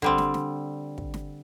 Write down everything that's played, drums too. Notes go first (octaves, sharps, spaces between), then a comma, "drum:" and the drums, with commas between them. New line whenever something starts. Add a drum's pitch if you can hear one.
D3 G3 C4, drum: kick
drum: snare
drum: snare
drum: kick
drum: snare